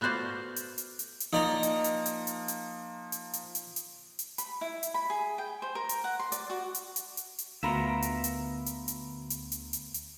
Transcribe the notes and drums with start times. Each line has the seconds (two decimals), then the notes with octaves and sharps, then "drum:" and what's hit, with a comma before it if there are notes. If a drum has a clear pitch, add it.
0.01 A3 B3 F#4 C5 D5 F5
0.56 drum: hi-hat
0.78 drum: hi-hat
0.99 drum: hi-hat
1.20 drum: hi-hat
1.33 F3 A#3 D#4 D5 A#5
1.63 drum: hi-hat
1.84 drum: hi-hat
2.06 drum: hi-hat
2.27 drum: hi-hat
2.48 drum: hi-hat
3.12 drum: hi-hat
3.33 drum: hi-hat
3.55 drum: hi-hat
3.76 drum: hi-hat
4.19 drum: hi-hat
4.38 B5, drum: hi-hat
4.61 E4
4.83 drum: hi-hat
4.94 B5
5.10 G#4
5.38 G5
5.62 C5
5.75 A#4
5.89 drum: hi-hat
6.04 F#5
6.19 C6
6.32 D5, drum: hi-hat
6.50 F#4
6.75 drum: hi-hat
6.96 drum: hi-hat
7.17 drum: hi-hat
7.38 drum: hi-hat
7.63 D2 B3 F4 A#4 E5 A#5 B5
8.02 drum: hi-hat
8.24 drum: hi-hat
8.66 drum: hi-hat
8.88 drum: hi-hat
9.30 drum: hi-hat
9.52 drum: hi-hat
9.73 drum: hi-hat
9.94 drum: hi-hat